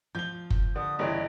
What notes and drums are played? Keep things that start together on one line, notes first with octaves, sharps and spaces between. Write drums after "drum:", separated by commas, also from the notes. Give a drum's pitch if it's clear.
F3 G6 G7
drum: kick F#1
D3 D#6
G1 C#3 E3 D#5